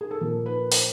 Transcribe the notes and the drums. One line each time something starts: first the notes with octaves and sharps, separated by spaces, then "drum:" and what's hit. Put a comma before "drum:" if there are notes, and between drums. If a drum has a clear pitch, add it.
G#4
A4
A#2 F3 A#3 A#4
B4
C5, drum: open hi-hat